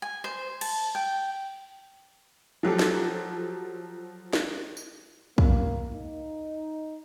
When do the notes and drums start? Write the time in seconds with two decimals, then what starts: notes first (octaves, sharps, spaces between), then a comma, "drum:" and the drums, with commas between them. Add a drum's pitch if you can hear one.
0.02 G#5
0.24 C5
0.61 A5, drum: cymbal
0.95 G5
2.63 F3 F#3 G4 A4
2.79 drum: snare
4.33 drum: snare
4.77 drum: tambourine
5.38 A#3, drum: kick
5.95 D#4